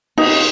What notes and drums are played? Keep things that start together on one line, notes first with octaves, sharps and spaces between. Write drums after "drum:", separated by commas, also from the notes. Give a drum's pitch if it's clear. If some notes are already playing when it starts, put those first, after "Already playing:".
D#4, drum: cymbal